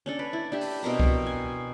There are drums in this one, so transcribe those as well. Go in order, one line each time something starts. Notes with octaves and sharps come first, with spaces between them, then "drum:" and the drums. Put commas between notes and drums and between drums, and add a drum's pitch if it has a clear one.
C#4 D4 A4
B4 D5
E4
D4 G4 E5
drum: open hi-hat
B2 C4 A#4 A#5
drum: kick C2
G#5